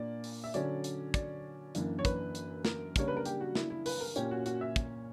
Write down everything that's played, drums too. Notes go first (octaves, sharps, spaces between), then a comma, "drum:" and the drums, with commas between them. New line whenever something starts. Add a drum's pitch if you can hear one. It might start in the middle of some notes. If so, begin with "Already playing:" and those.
Already playing: A#2 A#3 D4 D5
drum: open hi-hat
E5
D3 F#3 C#4 D5, drum: hi-hat
drum: hi-hat
D5, drum: kick, hi-hat
F#2 E3 A#3 D4, drum: hi-hat
C#5
B4, drum: kick, hi-hat
drum: hi-hat
A#4, drum: snare
C#3 G3 A#3 D4 C#5, drum: kick, hi-hat
B4
A#4
G4, drum: hi-hat
F#4
E4, drum: snare
E4
B4, drum: open hi-hat
A#4
A#2 A#3 C#4 G4, drum: hi-hat
F#4
F#4, drum: hi-hat
E5
drum: kick, hi-hat